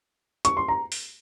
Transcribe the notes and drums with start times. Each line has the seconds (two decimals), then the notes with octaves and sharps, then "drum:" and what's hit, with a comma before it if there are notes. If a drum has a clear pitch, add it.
0.45 C#6, drum: hi-hat
0.57 C6
0.68 A#5
0.92 drum: open hi-hat